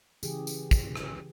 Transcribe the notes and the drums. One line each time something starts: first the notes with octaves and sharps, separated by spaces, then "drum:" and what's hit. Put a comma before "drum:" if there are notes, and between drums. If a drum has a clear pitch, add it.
C#3 E3 G4 G#4, drum: tambourine
drum: tambourine
drum: kick, tambourine
drum: rim click